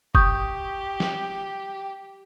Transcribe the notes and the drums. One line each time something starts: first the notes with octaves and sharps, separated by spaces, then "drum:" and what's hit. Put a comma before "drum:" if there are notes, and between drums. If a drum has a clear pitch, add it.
G4 C#6 D#6 G6, drum: kick F#1
drum: snare